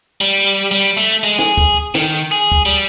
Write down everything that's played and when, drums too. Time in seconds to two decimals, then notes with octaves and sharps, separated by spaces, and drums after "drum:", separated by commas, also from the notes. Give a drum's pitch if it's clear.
0.21 G3
0.71 G3
0.97 A3
1.24 G#3
1.39 G#4, drum: snare
1.58 drum: kick
1.95 D#3, drum: snare
2.32 G#4
2.52 drum: kick
2.66 G3